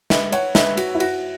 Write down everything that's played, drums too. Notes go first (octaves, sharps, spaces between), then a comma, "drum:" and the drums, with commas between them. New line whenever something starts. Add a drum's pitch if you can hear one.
B4 E5, drum: snare
C#5 F#5, drum: cymbal
B4 E5, drum: snare
F#4, drum: cymbal
E4
F#4, drum: cymbal